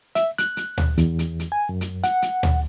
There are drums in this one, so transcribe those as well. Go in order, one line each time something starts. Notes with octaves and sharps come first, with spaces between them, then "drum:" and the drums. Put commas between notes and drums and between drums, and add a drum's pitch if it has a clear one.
E5, drum: hi-hat
F#6, drum: hi-hat
drum: hi-hat
drum: tom D2
E2, drum: hi-hat
drum: hi-hat
drum: hi-hat
G#5
F#2
drum: hi-hat
F#5, drum: hi-hat
drum: hi-hat
drum: tom D2